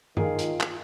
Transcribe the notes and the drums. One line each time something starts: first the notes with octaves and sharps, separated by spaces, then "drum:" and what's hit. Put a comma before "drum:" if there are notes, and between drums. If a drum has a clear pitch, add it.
D#3 F4 G#4 A#4 F5, drum: tom G2
drum: hi-hat
drum: clap